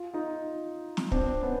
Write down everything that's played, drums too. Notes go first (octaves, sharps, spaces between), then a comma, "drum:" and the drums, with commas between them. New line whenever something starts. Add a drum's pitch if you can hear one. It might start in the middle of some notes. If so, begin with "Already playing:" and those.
Already playing: F4
D#4 F4
drum: snare
C4 D4, drum: kick
B3 C#4